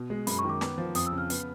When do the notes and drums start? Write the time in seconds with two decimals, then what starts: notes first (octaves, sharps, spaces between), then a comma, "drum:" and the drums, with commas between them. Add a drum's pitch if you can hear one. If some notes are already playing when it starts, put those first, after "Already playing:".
Already playing: B2
0.10 G#3
0.27 F#2 B5, drum: hi-hat
0.39 C#6
0.44 D#3
0.50 D6
0.61 B3, drum: snare
0.78 F3
0.95 F2 D#6, drum: hi-hat
1.07 E6
1.12 C#3
1.18 F6
1.30 B3, drum: hi-hat